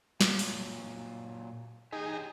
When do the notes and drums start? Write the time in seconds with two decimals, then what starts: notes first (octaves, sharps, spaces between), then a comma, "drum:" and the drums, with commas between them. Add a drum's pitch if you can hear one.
0.21 A#2 F#3, drum: snare
0.39 drum: open hi-hat
1.93 D#4 G4 G#4 D#5